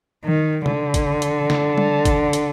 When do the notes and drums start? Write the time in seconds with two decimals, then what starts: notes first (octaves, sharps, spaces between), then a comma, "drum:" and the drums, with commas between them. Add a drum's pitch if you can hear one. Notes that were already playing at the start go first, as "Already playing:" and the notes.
0.25 D#3
0.66 D3, drum: tom C3
0.94 drum: kick G1, hi-hat
1.22 drum: hi-hat
1.50 drum: snare
1.78 drum: tom G3
2.05 drum: kick G1, hi-hat
2.33 drum: hi-hat